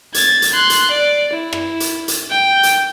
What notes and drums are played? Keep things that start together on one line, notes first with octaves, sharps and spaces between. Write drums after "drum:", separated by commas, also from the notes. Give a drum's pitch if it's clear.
G#6 A6, drum: hi-hat
drum: hi-hat
C6 F#6
drum: hi-hat
D5
E4
drum: rim click
drum: hi-hat
drum: hi-hat
G5
drum: hi-hat